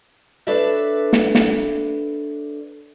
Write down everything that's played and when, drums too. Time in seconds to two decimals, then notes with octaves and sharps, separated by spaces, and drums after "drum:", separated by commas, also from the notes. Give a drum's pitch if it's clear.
0.47 D4 A4 B4 C#5 D5 E5
1.13 drum: snare
1.35 drum: snare